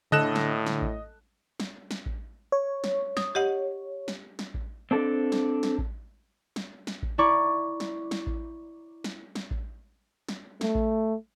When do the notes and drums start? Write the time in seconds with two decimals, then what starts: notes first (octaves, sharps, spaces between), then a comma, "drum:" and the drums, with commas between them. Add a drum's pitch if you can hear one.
0.12 A2 D3 A4 D#5 F#6 E7
0.35 drum: snare
0.66 drum: snare
0.82 drum: kick A1
1.60 drum: snare
1.91 drum: snare
2.06 drum: kick A1
2.52 C#5
2.84 drum: snare
3.17 D#6, drum: snare
3.35 G4 D#5 F#5
4.08 drum: snare
4.39 drum: snare
4.54 drum: kick A1
4.91 C4 D4 A4
5.32 drum: snare
5.63 drum: snare
5.79 drum: kick A1
6.56 drum: snare
6.87 drum: snare
7.03 drum: kick A1
7.18 E4 D5 A#5 B5 C#6 D6
7.80 drum: snare
8.11 drum: snare
8.27 drum: kick A1
9.04 drum: snare
9.35 drum: snare
9.51 drum: kick A1
10.29 drum: snare
10.61 A3, drum: snare
10.75 drum: kick A1